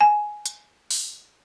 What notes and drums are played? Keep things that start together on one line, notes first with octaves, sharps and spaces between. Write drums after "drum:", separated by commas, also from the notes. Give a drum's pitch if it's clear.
G#5
drum: hi-hat
drum: open hi-hat